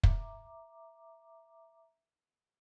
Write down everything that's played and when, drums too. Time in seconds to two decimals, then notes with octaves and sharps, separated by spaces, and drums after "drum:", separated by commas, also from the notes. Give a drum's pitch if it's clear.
0.03 E5 A#5 D6, drum: kick